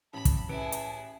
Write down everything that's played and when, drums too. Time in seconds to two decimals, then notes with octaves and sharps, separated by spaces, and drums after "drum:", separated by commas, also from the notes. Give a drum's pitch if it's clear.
0.13 A1 A5 B5
0.25 drum: kick, hi-hat
0.49 A1 E4 G#4 B4 D7
0.72 drum: hi-hat